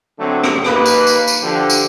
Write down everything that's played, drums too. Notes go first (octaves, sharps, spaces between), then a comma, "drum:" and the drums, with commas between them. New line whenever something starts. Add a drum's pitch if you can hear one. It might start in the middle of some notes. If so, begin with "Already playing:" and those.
D3 F#3 A3 C4
drum: rim click
D#2 A#3 B4, drum: rim click
drum: tambourine
drum: tambourine
drum: tambourine
D3 F3 G4
drum: tambourine